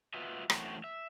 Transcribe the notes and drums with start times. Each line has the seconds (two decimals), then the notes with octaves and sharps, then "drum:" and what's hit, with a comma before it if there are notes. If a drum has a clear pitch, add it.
0.14 F4 F#4 B4 D#5 E5
0.50 F#2 E3 A3 C4 F#4, drum: rim click
0.84 E5